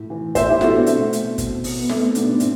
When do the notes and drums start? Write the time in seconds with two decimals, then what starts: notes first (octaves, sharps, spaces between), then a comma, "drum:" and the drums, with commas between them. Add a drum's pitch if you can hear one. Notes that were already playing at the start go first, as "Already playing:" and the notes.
Already playing: A2
0.10 E3
0.35 A2 C5 E5, drum: kick, hi-hat
0.48 E4 G4
0.61 A2 F#4 A4, drum: snare
0.73 B3 D4
0.86 B2 A3 C4, drum: hi-hat
1.13 B2, drum: hi-hat
1.38 B2, drum: kick, hi-hat
1.64 B2, drum: open hi-hat
1.79 B3
1.89 B2 A3, drum: snare
1.97 B3
2.02 A3 C4
2.15 B2 B3 D4, drum: hi-hat
2.28 B3 D4
2.40 A2 C4, drum: hi-hat